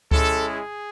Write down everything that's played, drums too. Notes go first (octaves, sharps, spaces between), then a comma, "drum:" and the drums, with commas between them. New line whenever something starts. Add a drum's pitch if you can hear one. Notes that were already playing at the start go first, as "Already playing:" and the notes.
G#3 C#4 E4 A4, drum: kick C#2
G#4